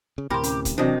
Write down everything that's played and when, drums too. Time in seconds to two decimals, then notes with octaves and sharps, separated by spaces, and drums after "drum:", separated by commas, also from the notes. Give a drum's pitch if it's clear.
0.18 C#3
0.30 D2 A2 C3 G4 A#4 B5 C6
0.43 C#4, drum: hi-hat
0.65 drum: kick C#1, hi-hat
0.78 C3 D#3 E3 F#3 C4 D4 F#4 C5